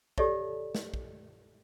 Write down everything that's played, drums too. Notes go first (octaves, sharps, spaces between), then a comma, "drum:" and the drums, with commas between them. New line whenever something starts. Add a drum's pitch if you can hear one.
G4 A4 C#5 D5 E5 A5, drum: kick
drum: snare
drum: kick